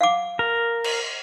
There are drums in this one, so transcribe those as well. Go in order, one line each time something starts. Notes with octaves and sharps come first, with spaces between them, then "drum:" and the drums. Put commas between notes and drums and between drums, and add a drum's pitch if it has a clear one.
F5 F#5 D6
A#4
drum: cymbal